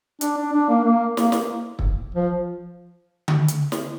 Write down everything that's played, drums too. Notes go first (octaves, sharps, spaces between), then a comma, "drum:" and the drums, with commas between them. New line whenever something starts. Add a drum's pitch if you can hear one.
D4, drum: hi-hat
D4
D4
A#3
A#3
A#3, drum: snare
drum: snare
drum: kick
F3
drum: tom D3
drum: hi-hat
drum: snare